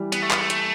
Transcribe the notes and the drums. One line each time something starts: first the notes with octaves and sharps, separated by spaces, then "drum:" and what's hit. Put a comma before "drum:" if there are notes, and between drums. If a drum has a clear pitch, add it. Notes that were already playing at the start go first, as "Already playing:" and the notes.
Already playing: E3 G3
B3, drum: hi-hat
A3
B3, drum: clap
A3
drum: hi-hat